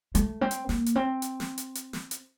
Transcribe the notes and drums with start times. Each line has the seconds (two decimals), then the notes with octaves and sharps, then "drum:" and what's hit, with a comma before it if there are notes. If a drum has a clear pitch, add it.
0.15 A3, drum: hi-hat
0.41 C4
0.51 drum: hi-hat
0.69 A#3, drum: snare
0.86 drum: hi-hat
0.96 C4
1.22 drum: hi-hat
1.40 drum: snare
1.58 drum: hi-hat
1.75 drum: hi-hat
1.93 drum: snare
2.11 drum: hi-hat